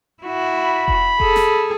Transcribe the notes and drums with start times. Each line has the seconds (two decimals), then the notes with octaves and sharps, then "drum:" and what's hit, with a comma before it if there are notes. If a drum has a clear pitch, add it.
0.23 E4 F#4
0.57 B5
0.88 drum: kick F1
1.20 G#4 A4, drum: kick F1
1.36 drum: snare